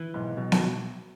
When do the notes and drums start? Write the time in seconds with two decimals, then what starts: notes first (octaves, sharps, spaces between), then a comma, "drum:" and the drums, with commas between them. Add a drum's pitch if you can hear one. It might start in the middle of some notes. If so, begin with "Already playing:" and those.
Already playing: E3
0.14 B1 G#2
0.37 B1 B2
0.52 F#3, drum: snare B3